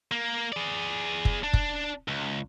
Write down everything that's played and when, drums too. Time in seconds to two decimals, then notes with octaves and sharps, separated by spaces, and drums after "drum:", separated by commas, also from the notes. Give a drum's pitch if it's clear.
0.12 A#3
0.53 G#4 D5
1.25 drum: kick
1.44 D4
1.53 drum: kick
2.08 C#2